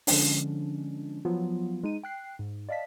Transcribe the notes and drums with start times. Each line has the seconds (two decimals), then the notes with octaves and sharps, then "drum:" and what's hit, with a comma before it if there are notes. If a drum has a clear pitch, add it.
0.07 D3 F3 G#3 C#4 D4, drum: open hi-hat
1.25 F3 F#3 B3 F4
1.83 G#3 D#4 D#7
2.03 G5 F#6 C7
2.39 G#2
2.69 D5 D#5 F5 A5 B6